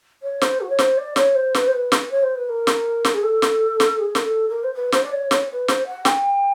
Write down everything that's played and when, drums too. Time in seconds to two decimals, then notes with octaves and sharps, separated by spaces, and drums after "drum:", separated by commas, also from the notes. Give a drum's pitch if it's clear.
0.23 C#5
0.41 C5, drum: snare
0.60 F#4
0.69 C#5
0.79 C5, drum: snare
0.98 D5
1.16 C#5, drum: snare
1.35 C5
1.54 B4, drum: snare
1.67 C5
1.72 B4
1.92 drum: snare
2.10 C#5
2.23 C5
2.35 B4
2.49 A#4
2.67 drum: snare
3.05 drum: snare
3.14 G#4
3.23 A4
3.42 drum: snare
3.80 drum: snare
3.99 G#4
4.15 A#4, drum: snare
4.23 A4
4.49 A#4
4.63 C5
4.74 B4
4.92 C5, drum: snare
5.03 D5
5.11 C#5
5.31 C#5, drum: snare
5.49 B4
5.68 C5, drum: snare
5.87 F#5
6.05 G5, drum: snare